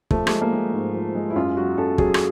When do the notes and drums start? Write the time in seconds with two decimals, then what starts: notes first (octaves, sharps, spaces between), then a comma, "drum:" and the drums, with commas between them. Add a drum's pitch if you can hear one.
0.11 F3 A3, drum: kick
0.27 A3, drum: rim click
0.32 G#3
0.42 A#3
0.53 G#3
0.73 G#2
0.95 F3
1.15 G#3
1.30 E4
1.36 F#2 F4
1.57 F#3 F#4
1.78 F#2 A4
1.98 F#3 G#4, drum: kick
2.14 drum: rim click